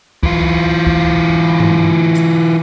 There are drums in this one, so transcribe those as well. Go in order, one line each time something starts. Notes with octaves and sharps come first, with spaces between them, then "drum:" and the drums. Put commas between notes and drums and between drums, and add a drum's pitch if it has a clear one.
E3 F4, drum: kick
drum: kick
drum: tom G2
drum: hi-hat